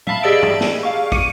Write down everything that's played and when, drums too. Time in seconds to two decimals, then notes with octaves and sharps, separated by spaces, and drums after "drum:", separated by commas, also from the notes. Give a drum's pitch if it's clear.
0.07 E5 F5 A5 B5, drum: tom
0.23 G4 G#4 D5 D#5 E6 D7
0.43 drum: tom
0.61 drum: snare
0.83 F5 C#6
1.12 D6 C#7 D#7, drum: kick